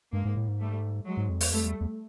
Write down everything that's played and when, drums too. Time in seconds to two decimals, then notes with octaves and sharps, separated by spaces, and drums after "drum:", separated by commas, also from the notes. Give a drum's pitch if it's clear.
0.12 G2 G#3 A#3
0.25 G#2
0.36 A2
0.48 G#2
0.59 G3 A3
1.05 F#3 G#3
1.17 G#2
1.29 F2
1.41 E2, drum: open hi-hat
1.52 F2 G3 A3
1.63 E2
1.81 E2